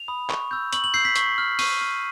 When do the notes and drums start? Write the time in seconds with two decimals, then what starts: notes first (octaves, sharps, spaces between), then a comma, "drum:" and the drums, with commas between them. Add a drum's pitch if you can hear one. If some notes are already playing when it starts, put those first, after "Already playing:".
Already playing: F7
0.08 B5 D#6
0.30 C#6, drum: clap
0.51 E6 G6
0.73 C#6 F#7, drum: hi-hat
0.84 F#7
0.94 E6 G6 C7
1.05 B6
1.16 C#6, drum: hi-hat
1.38 F6
1.59 C#6 D#7, drum: open hi-hat
1.81 F6